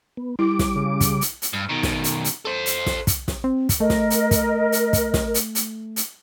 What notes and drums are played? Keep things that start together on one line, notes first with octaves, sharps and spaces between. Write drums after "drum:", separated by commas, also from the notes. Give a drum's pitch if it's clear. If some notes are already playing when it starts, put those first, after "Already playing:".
B3
G3 E4 D6
drum: snare
C#3
drum: kick, hi-hat
drum: hi-hat
drum: hi-hat
G2
B2 D#3
drum: snare
drum: hi-hat
drum: hi-hat
A4 C5
drum: hi-hat
drum: snare
drum: kick, hi-hat
drum: snare
C4
drum: kick, hi-hat
A3 A#4 D#5
drum: snare
drum: hi-hat
drum: kick, hi-hat
drum: hi-hat
drum: kick, hi-hat
drum: snare
drum: hi-hat
drum: hi-hat
drum: hi-hat